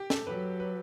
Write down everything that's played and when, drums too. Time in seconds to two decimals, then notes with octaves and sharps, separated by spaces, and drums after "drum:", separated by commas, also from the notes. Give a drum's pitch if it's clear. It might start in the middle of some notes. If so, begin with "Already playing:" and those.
Already playing: G4
0.10 A4, drum: snare
0.27 F#3 B4
0.60 B4